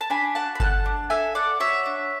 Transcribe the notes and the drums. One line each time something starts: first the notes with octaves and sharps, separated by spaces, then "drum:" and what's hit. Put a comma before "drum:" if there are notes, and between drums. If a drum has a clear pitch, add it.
A5
D4 G#5 B5
F#4 F#5 A5
B5
A4 F#5 A5, drum: kick G1
D4
A4 E5 G#5
A4 D5 F#5
F#4 C#5 E5
D4